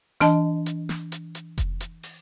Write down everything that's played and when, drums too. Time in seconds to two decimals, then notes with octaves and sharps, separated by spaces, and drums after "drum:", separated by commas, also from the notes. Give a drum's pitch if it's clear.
0.20 E3 D4 D#5 A5, drum: snare
0.66 drum: hi-hat
0.89 drum: snare
1.12 drum: hi-hat
1.35 drum: hi-hat
1.58 drum: kick F1, hi-hat
1.80 drum: hi-hat
2.03 drum: open hi-hat